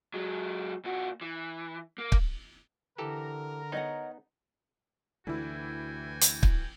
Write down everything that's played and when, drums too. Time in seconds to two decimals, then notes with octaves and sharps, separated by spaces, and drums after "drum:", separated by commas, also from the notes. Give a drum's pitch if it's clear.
0.14 F#3 G#3
0.85 A#2 F#4
1.21 E3
1.98 A#3
2.12 drum: kick
2.98 D3 E3 G4 A4 A#4 A#5
3.72 B3 D#4 C#5 D#5 F#5
5.27 D2 D3 E3 E4 F#4 G5 G#5
6.21 drum: hi-hat
6.43 drum: kick